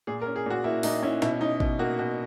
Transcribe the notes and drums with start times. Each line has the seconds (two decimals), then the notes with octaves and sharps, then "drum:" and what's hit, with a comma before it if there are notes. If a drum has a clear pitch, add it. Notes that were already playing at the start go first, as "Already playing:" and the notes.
0.07 A#2 G#4
0.21 A#4
0.27 C#4
0.36 G#4
0.46 A#2 F#4
0.64 A#3 E4
0.83 A#2 D#4, drum: open hi-hat
1.03 C#4 E4
1.22 B2 E4, drum: snare
1.41 C#4 D#4
1.60 B2, drum: kick
1.79 A#3 F#4
1.99 B2 F#4